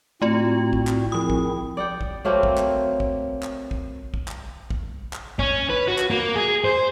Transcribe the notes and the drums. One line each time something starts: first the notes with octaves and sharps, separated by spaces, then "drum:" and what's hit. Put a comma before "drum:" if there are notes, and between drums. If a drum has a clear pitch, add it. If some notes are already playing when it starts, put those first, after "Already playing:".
A2 A3 C4 F4 F#4
drum: kick
drum: clap
F3 C4 E4 G#4 D#6
drum: kick
D5 F#5 G5
drum: kick
F#3 A3 A#3 C4
drum: kick
drum: clap
drum: kick
drum: clap
drum: kick
drum: kick
drum: clap
drum: kick
drum: clap
C#4, drum: kick
B4
F#4
drum: clap
A#3
G#4
C5